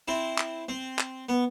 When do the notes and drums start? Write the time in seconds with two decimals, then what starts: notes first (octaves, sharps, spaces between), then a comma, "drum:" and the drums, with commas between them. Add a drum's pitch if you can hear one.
0.08 C4 E4
0.38 drum: clap
0.69 C4
0.99 drum: clap
1.29 B3